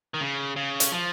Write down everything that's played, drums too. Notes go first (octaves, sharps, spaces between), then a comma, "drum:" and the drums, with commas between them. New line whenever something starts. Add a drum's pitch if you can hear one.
D#3
C#3
C#3
drum: hi-hat
F3